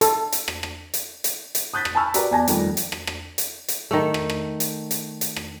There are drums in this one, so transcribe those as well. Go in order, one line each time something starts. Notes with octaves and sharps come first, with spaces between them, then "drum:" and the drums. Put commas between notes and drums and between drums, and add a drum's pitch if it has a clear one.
A4, drum: hi-hat
drum: hi-hat
drum: rim click
drum: rim click
drum: hi-hat
drum: hi-hat
drum: hi-hat
D#6 F#6 G6 A6 B6
drum: rim click
G#5 A5 B5 C#6 E6 F6
F#4 G4 A#4 B4 D5 A#5, drum: hi-hat
E2 D5 G#5 A5 A#6
F2 D#3 G3 A3, drum: hi-hat
drum: hi-hat
drum: rim click
drum: rim click
drum: hi-hat
drum: hi-hat
D#3 A3
drum: rim click
drum: rim click
drum: hi-hat
drum: hi-hat
drum: hi-hat
drum: rim click